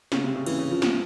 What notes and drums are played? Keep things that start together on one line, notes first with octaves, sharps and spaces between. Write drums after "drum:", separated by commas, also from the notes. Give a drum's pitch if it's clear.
C#3, drum: snare
C3
C#3
E3, drum: cymbal
C#3
F3
F3, drum: snare